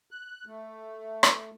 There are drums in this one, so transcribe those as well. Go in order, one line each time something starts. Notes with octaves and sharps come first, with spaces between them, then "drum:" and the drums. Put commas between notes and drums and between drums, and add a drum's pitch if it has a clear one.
F#6
A3
drum: rim click